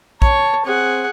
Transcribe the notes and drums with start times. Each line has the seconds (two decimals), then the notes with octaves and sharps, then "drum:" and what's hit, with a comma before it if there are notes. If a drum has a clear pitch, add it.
0.22 C#5 A5, drum: kick
0.65 C4 G#4 F#5